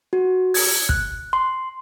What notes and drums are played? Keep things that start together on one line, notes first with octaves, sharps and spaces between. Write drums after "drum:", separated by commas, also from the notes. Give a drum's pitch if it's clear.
F#4
G#6, drum: open hi-hat
F#6, drum: kick
C6